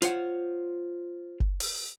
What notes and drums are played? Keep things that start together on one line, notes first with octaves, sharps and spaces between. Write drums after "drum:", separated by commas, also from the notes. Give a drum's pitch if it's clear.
F4 C5 C#5 F#5, drum: hi-hat
drum: kick F#1
drum: open hi-hat